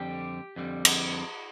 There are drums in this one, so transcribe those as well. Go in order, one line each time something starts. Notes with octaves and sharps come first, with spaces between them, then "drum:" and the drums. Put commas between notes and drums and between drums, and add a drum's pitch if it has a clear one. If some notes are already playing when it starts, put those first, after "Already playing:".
Already playing: F2 D3 G3 G4
F2 D3 G3
drum: cymbal